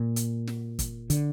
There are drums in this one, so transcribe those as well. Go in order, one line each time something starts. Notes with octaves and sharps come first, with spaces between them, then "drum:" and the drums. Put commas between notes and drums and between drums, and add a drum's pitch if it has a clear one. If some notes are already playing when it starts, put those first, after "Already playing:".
Already playing: A#2
drum: hi-hat
drum: snare
drum: kick, hi-hat
D3, drum: hi-hat